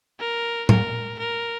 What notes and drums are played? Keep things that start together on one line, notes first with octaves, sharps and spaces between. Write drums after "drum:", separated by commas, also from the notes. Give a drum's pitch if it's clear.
A#4
A#4, drum: tom A2
A#4